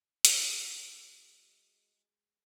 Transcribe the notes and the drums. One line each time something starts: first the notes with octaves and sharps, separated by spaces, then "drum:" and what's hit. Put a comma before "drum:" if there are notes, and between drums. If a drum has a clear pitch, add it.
G#3 C4 D#4 F#4, drum: hi-hat